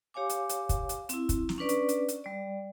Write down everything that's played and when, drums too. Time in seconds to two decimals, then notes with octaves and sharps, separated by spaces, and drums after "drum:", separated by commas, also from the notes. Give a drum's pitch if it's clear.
0.14 G4 C#5 F5 G#5 D6
0.30 drum: hi-hat
0.49 drum: hi-hat
0.69 drum: kick, hi-hat
0.89 drum: hi-hat
1.09 C4 E4, drum: hi-hat
1.29 drum: kick, hi-hat
1.49 drum: snare
1.58 C#4 D4 B4 D5 C#6
1.69 drum: hi-hat
1.89 drum: hi-hat
2.09 drum: hi-hat
2.24 G3 D5